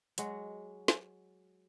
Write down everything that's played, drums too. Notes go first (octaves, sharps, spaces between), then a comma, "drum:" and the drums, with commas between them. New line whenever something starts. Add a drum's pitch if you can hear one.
F#3 G#3 F#4, drum: hi-hat
drum: snare